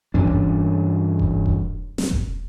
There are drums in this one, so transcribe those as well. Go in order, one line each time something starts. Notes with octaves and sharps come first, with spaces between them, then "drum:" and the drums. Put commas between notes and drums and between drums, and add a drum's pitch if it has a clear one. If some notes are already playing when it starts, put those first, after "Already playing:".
G2 E3 C#4 D4
drum: kick E1
drum: kick E1
drum: kick E1
drum: snare
drum: kick E1